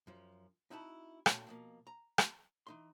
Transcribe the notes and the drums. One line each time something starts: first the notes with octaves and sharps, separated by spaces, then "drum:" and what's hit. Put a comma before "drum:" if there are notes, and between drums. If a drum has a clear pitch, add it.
F#2 F3
C4 D#4 E4 F#4 A5 B5
D2 A#2 F#4 A4 C#5 G5, drum: rim click
B2 F3 A#3
A#5
drum: rim click
E3 D#4 C6